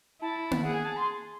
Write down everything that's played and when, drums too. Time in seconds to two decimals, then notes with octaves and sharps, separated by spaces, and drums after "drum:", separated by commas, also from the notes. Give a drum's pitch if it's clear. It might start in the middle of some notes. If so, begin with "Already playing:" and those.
0.21 E4 A5
0.51 drum: tom A#3
0.62 G#4 F#5
0.73 G#5
0.85 A5
0.97 C6